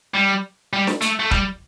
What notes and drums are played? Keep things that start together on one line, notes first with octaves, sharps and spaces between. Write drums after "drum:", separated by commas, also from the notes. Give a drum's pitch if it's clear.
G3
G3
drum: snare
A3, drum: hi-hat
A3
G3, drum: kick